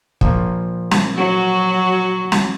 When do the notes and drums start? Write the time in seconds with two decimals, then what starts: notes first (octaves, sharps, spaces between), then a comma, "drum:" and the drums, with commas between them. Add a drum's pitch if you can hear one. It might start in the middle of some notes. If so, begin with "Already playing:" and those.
0.21 A#2 F3, drum: kick
0.91 drum: snare
1.15 F#3 F#4
2.32 drum: snare